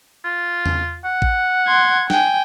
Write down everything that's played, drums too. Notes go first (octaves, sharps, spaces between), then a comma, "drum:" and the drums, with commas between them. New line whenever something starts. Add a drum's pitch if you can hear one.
F4
drum: tom E2
F#5
drum: kick A1
C6 G#6
G5 G#5, drum: snare